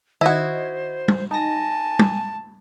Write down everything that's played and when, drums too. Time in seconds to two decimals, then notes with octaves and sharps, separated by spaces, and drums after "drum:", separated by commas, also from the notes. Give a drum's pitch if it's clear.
0.21 D#3 E4 F#4 C5 D#5 G#6
1.08 drum: tom
1.31 D#4 G#5 A5 A#6
1.99 drum: tom